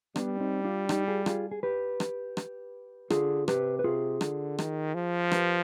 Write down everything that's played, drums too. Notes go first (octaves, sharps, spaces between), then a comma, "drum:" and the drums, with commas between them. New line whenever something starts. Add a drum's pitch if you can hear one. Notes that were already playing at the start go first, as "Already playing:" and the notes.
G3 B3 D4, drum: rim click
C4 D#4
D4 F4
D#4 G4, drum: rim click
F4 G#4
F4 G#4, drum: rim click
G#4
G4 B4
drum: rim click
drum: rim click
D3 F4 G#4, drum: rim click
C3 G4 B4, drum: rim click
B4
C3 F4 G#4
D3, drum: rim click
D#3, drum: rim click
F3
G4 B4, drum: rim click